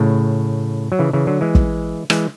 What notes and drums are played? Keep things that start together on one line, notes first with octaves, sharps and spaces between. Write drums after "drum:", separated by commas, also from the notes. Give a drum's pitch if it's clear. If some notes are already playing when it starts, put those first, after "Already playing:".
Already playing: A2 C#3
F#3
C#3 E3
C#3 E3
D3 F#3
E3 G#3
drum: kick
E3 G#3, drum: rim click